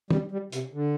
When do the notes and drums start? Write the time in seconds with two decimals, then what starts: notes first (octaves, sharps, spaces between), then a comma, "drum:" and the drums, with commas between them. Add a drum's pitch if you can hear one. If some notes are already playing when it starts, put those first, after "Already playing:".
0.10 G3, drum: tom
0.31 G3
0.52 C3, drum: hi-hat
0.73 D3